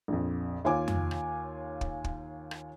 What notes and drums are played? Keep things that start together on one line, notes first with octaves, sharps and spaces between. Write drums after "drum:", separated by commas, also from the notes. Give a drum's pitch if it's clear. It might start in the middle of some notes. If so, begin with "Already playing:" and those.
A#1 F2
D#2 F4 C#5 G#5 D6
drum: tom F2
drum: rim click
drum: kick
drum: kick
drum: rim click